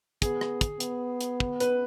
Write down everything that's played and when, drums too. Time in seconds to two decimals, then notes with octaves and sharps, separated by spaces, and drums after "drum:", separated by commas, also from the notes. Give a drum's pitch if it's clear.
0.22 B3 G#4, drum: kick, hi-hat
0.41 drum: rim click
0.61 drum: kick, hi-hat
0.80 B3, drum: hi-hat
1.21 drum: hi-hat
1.40 drum: kick
1.60 B4, drum: hi-hat